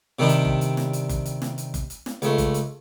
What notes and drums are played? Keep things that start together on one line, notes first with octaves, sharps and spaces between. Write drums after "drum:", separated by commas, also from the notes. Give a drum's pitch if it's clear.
C3 D#3 G3 D4
drum: hi-hat
drum: kick F#1
drum: hi-hat
drum: snare
drum: hi-hat
drum: kick F#1, hi-hat
drum: hi-hat
drum: snare
drum: hi-hat
drum: kick F#1, hi-hat
drum: hi-hat
drum: snare
C#2 A3, drum: hi-hat
drum: kick F#1, hi-hat
drum: hi-hat